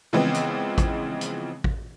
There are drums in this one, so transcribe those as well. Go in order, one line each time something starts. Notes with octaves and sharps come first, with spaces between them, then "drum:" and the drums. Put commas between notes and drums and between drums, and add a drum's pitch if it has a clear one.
C#3 E3 F3 G#3 B3 C4
drum: hi-hat
drum: kick, hi-hat
drum: hi-hat
drum: kick